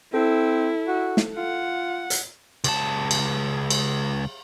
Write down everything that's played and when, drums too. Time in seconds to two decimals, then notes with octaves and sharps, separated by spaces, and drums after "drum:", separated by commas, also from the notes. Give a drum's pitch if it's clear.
0.14 C4 E4 A4
0.87 F#4
1.17 drum: snare
1.37 F4 F#5
2.10 drum: hi-hat
2.64 C#2 A5, drum: cymbal
3.11 drum: cymbal
3.71 drum: cymbal